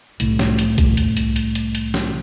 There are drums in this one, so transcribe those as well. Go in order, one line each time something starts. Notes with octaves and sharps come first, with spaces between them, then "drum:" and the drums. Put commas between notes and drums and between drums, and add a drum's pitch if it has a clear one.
C2 A2, drum: hi-hat
drum: snare
drum: hi-hat
drum: kick C2, hi-hat
drum: hi-hat
drum: hi-hat
drum: hi-hat
drum: hi-hat
drum: hi-hat
drum: snare